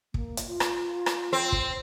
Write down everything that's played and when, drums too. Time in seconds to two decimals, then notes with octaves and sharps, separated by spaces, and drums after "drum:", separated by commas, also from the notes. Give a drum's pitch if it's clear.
0.14 A#3, drum: kick
0.37 drum: hi-hat
0.48 F4
0.60 drum: rim click
1.06 drum: rim click
1.33 C4
1.52 drum: kick